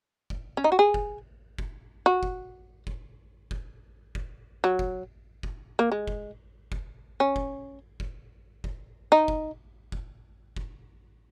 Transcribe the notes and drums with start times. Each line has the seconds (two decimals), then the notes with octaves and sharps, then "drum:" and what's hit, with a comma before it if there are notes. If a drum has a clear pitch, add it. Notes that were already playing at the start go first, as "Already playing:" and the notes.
0.30 drum: kick F1
0.57 C#4
0.64 D#4
0.72 F#4
0.79 G#4
0.94 drum: kick F1
1.59 drum: kick F1
2.06 F#4
2.23 drum: kick F1
2.87 drum: kick F1
3.51 drum: kick F1
4.15 drum: kick F1
4.64 F#3
4.79 drum: kick F1
5.43 drum: kick F1
5.79 A#3
5.92 G#3
6.07 drum: kick F1
6.72 drum: kick F1
7.20 C#4
7.36 drum: kick F1
8.00 drum: kick F1
8.64 drum: kick F1
9.12 D#4
9.28 drum: kick F1
9.92 drum: kick F1
10.56 drum: kick F1